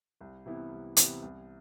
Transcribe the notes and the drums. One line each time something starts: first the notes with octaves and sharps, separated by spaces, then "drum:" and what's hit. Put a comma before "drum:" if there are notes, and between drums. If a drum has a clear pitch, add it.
C2
C3 E3 B3 E4
C2
C3 E3 B3 E4, drum: hi-hat
C2